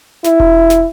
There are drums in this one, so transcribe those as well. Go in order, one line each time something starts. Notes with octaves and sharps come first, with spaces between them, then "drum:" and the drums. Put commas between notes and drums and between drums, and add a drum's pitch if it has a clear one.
E4, drum: snare
drum: kick E1
drum: snare